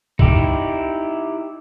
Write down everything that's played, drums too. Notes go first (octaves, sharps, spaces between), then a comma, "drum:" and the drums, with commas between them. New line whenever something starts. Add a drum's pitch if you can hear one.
D#4 E4 G4, drum: kick C2